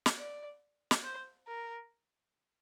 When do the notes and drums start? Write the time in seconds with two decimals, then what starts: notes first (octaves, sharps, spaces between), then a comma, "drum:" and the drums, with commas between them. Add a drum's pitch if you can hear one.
0.06 drum: snare
0.18 D5
0.91 drum: snare
1.04 C5
1.47 A#4